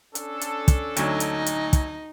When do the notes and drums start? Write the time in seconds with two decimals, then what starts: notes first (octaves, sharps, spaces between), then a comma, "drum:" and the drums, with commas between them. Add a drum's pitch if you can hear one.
0.15 C#4 D4 A4, drum: hi-hat
0.41 drum: hi-hat
0.68 drum: kick, hi-hat
0.96 D2 F#3 D#4, drum: hi-hat
1.20 drum: hi-hat
1.46 drum: hi-hat
1.73 drum: kick, hi-hat